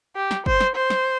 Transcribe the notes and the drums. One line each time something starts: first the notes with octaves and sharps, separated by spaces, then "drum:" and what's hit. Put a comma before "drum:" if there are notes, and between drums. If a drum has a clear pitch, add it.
G4
drum: snare
C5, drum: kick F#1
drum: snare
C5
drum: snare